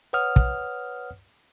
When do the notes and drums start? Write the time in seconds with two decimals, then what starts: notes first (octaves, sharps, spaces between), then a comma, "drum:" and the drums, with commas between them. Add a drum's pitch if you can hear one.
0.13 B4 C#5 F#5 D#6 F6
0.36 drum: kick